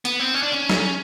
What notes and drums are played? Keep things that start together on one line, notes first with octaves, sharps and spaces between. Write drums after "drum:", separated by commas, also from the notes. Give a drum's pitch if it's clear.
B3, drum: hi-hat
C4
C#4
D4
C#4
drum: snare